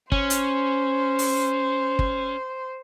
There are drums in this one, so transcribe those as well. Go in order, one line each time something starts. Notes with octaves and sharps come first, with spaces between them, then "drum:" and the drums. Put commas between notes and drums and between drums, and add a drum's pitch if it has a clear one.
C#4 C5, drum: kick
drum: hi-hat
drum: open hi-hat
drum: kick